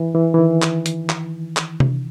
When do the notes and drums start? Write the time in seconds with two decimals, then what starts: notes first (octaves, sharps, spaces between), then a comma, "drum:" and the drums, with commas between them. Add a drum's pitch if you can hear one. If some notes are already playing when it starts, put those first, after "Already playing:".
Already playing: E3
0.15 E3
0.34 E3
0.39 D#3
0.62 drum: clap
0.86 drum: hi-hat
1.09 drum: clap
1.57 drum: clap
1.80 drum: tom C3